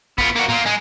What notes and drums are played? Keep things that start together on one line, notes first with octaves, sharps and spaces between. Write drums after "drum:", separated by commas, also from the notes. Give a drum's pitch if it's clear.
B3 F4, drum: kick
A#3 F#4
A#3 F4, drum: tom
G#3